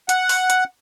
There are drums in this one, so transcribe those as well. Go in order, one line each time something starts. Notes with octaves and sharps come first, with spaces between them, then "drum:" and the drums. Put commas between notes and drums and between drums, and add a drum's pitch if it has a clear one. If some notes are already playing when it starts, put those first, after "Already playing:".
F#5, drum: hi-hat
drum: open hi-hat
drum: hi-hat